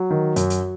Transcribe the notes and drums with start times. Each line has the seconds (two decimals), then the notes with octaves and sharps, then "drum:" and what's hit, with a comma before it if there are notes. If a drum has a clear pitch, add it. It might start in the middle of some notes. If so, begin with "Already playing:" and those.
Already playing: F#3
0.11 D#3
0.36 F#2, drum: hi-hat
0.50 drum: hi-hat